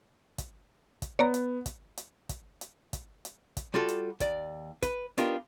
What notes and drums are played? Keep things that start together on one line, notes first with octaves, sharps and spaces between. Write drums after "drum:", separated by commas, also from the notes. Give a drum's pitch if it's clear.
drum: kick, hi-hat
drum: kick, hi-hat
B3 C#5 D5 A#5
drum: hi-hat
drum: kick, hi-hat
drum: hi-hat
drum: kick, hi-hat
drum: hi-hat
drum: kick, hi-hat
drum: hi-hat
drum: kick, hi-hat
G3 F4 F#4 A4
drum: hi-hat
D#2 D5, drum: kick, hi-hat
B4, drum: kick, hi-hat
B3 D4 D#4 F4 G4 A#4, drum: hi-hat